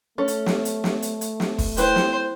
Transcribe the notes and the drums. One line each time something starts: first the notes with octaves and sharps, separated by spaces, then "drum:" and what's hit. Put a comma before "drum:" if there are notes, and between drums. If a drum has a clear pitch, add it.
A3 C#4 A4
drum: hi-hat
drum: snare
drum: hi-hat
drum: snare
drum: hi-hat
drum: hi-hat
drum: snare
drum: kick, open hi-hat
E4 B4 C5 G5, drum: hi-hat
drum: snare